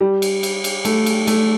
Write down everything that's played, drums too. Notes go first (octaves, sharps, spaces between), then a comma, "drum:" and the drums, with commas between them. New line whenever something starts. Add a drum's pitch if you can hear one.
G3
drum: cymbal
drum: cymbal
drum: cymbal
A3, drum: cymbal
drum: cymbal
A3, drum: cymbal